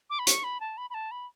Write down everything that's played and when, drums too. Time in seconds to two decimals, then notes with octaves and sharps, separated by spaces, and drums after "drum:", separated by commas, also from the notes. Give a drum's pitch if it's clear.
0.10 D6
0.19 B5
0.27 C#6, drum: hi-hat
0.44 B5
0.60 A5
0.78 B5
0.90 B5
0.94 A5
1.11 B5